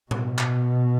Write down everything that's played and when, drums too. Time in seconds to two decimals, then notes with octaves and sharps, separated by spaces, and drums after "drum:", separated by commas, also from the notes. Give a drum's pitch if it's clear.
0.11 B2, drum: tom A2
0.38 drum: clap